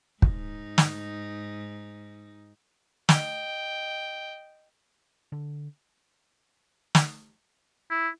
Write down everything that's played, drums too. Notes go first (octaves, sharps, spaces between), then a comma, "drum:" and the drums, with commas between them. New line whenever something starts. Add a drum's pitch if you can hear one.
G#2 D#4, drum: kick
drum: snare
D#5 G5, drum: snare
D3
drum: snare
E4